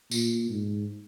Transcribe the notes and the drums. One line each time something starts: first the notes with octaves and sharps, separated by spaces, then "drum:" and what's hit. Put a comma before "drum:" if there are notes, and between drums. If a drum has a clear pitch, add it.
A#2, drum: tambourine
G#2